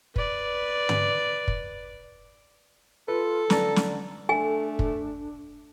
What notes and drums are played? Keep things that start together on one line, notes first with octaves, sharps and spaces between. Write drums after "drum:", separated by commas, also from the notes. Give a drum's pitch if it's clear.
B4 D5, drum: kick
drum: tom
drum: kick
F4 A4 B4
D3 A5 A#5, drum: snare
drum: snare
A3 D4 A4 G#5
drum: kick